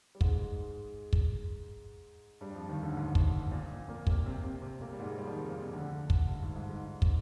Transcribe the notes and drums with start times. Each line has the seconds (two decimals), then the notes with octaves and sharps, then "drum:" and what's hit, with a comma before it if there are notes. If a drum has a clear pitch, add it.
0.15 G3
0.21 G#2 G#3, drum: kick
1.13 drum: kick
2.41 G2 G3
2.55 F2 F3
2.69 D#2 D#3
2.83 D2 D3
2.97 G#2
3.15 drum: kick
3.51 A#1 A#2
3.89 A#2 A#3
4.07 C3 C4, drum: kick
4.26 C3 C4
4.43 C3 C4
4.62 C3 C4
4.81 A#2 A#3
4.93 G3
5.00 G#2 G#3
5.18 G3
5.24 F3
5.32 D#3
5.38 F2 F3
5.51 A#2
5.62 C3
5.73 D2 D3
6.10 drum: kick
6.28 G2
6.42 G#2
6.56 G#2
6.70 G#2
7.02 drum: kick